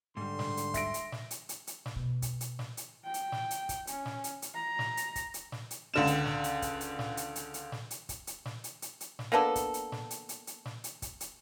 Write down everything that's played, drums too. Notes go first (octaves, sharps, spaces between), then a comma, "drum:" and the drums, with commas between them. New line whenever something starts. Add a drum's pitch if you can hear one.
G#2 D3 G3 C6
drum: snare
drum: hi-hat
E5 A#6 D7, drum: kick, hi-hat
drum: hi-hat
drum: snare
drum: hi-hat
drum: hi-hat
drum: hi-hat
drum: snare
B2
drum: kick, hi-hat
drum: hi-hat
drum: snare
drum: hi-hat
G5
drum: hi-hat
drum: snare
drum: hi-hat
drum: kick, hi-hat
C#4, drum: hi-hat
drum: snare
drum: hi-hat
drum: hi-hat
A#5
drum: snare
drum: hi-hat
drum: kick, hi-hat
drum: hi-hat
drum: snare
drum: hi-hat
C#2 D3 E7
drum: hi-hat
drum: snare
drum: hi-hat
drum: kick, hi-hat
drum: hi-hat
drum: snare
drum: hi-hat
drum: hi-hat
drum: hi-hat
drum: snare
drum: hi-hat
drum: kick, hi-hat
drum: hi-hat
drum: snare
drum: hi-hat
drum: hi-hat
drum: hi-hat
drum: snare
A#3 B3 D4 A4
drum: kick, hi-hat
drum: hi-hat
drum: snare
drum: hi-hat
drum: hi-hat
drum: hi-hat
drum: snare
drum: hi-hat
drum: kick, hi-hat
drum: hi-hat